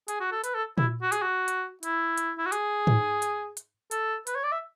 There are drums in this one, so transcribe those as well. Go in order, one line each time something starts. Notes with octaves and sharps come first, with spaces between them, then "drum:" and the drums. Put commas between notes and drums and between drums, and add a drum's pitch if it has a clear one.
G#4, drum: hi-hat
F#4
A4
B4, drum: hi-hat
A4
E4, drum: tom A#2
F#4
G#4, drum: hi-hat
F#4
drum: hi-hat
E4, drum: hi-hat
drum: hi-hat
E4
F#4
G#4, drum: hi-hat
drum: tom G#2
drum: hi-hat
drum: hi-hat
A4, drum: hi-hat
B4, drum: hi-hat
C#5
D5
E5